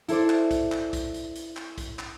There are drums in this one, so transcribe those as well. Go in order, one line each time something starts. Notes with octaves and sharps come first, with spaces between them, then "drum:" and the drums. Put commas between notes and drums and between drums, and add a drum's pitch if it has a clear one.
E4 A4 C5 D5, drum: hi-hat
drum: clap
drum: kick, hi-hat
drum: clap
drum: kick, hi-hat
drum: hi-hat
drum: hi-hat
drum: clap
drum: kick, hi-hat
drum: clap